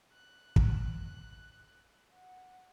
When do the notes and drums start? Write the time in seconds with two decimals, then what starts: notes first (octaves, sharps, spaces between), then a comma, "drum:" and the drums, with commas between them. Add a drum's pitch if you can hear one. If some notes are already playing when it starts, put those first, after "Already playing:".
0.13 F#6
0.56 drum: kick
2.13 F#5